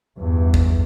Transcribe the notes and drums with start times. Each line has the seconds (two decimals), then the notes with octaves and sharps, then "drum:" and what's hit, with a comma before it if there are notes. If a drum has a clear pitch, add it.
0.18 E2 G2
0.54 drum: kick G#1